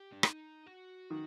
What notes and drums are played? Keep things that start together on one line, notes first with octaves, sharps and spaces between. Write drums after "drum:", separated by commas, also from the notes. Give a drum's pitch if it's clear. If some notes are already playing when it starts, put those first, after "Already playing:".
Already playing: G4
D4
D#4, drum: rim click
F#4
D#3